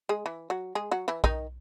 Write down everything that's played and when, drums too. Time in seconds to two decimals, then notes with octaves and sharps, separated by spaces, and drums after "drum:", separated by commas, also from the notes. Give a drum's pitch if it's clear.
0.09 G#3 G#4
0.26 E3 E4
0.50 F#3 F#4
0.75 G#3 G#4
0.91 F#3 F#4
1.08 E3 E4
1.24 D#3 D#4, drum: kick